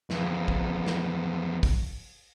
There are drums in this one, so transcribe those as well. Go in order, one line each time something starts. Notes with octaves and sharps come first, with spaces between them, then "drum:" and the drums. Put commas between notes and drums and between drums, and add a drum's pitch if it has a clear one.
F2 E3, drum: snare
drum: kick
drum: snare
drum: kick, open hi-hat